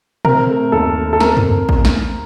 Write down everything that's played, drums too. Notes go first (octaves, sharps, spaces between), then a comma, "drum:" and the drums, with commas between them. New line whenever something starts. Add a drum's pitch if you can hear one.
C4 A#4, drum: tom A#2
A3
D#2 A4
A3
A4
C4 A#4, drum: snare
drum: tom F2
drum: kick A1
drum: snare